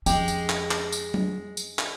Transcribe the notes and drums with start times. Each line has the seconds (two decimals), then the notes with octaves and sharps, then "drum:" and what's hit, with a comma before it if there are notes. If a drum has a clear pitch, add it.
0.06 F2 G#3 C#4 G4, drum: tambourine
0.28 drum: tambourine
0.49 drum: clap
0.71 drum: clap
0.93 drum: tambourine
1.14 drum: tom F#3
1.57 drum: tambourine
1.79 drum: clap